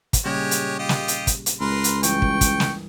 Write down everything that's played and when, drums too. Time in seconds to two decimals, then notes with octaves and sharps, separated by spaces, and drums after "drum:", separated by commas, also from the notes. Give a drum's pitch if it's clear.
0.13 drum: kick, hi-hat
0.25 A#2 C#3 G3 G#3 G4 C#5
0.51 drum: hi-hat
0.79 F4 G4 D#5
0.89 drum: snare
1.08 drum: hi-hat
1.27 drum: kick, hi-hat
1.46 drum: hi-hat
1.61 C#2 A#4 B4 C6
1.84 drum: hi-hat
2.03 G2 E3 G5 C#6, drum: hi-hat
2.22 drum: kick
2.41 drum: kick, hi-hat
2.60 drum: snare